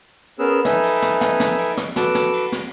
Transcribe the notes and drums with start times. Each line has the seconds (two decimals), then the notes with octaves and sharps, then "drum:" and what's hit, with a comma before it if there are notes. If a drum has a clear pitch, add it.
0.39 B3 C#4 G#4 A#4 B4 E6
0.65 D#4 A4 B4 E5 G#5, drum: snare
0.84 drum: cymbal
1.02 drum: snare
1.21 drum: snare
1.40 drum: snare
1.59 drum: cymbal
1.77 drum: snare
1.96 F#4 A4 B4 A5 D6, drum: snare
2.15 drum: snare
2.34 drum: cymbal
2.52 drum: snare